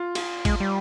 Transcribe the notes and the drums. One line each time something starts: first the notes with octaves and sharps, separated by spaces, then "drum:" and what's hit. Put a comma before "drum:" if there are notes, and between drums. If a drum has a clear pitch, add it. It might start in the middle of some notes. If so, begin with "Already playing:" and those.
Already playing: F4
F4, drum: cymbal
G#3, drum: kick A1, cymbal
G3